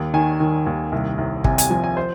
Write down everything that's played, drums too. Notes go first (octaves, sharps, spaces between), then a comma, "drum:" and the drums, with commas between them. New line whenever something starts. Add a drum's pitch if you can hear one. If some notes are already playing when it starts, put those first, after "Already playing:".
Already playing: D#2
D#3 G#5
D#3
D#2
C2
C2
C3 G#5, drum: kick
G#5, drum: hi-hat
F3 G#5
G#5
C5